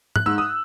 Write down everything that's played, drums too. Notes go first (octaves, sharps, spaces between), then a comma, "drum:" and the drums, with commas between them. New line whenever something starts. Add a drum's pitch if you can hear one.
F#6, drum: tom
G#2 E6
D#6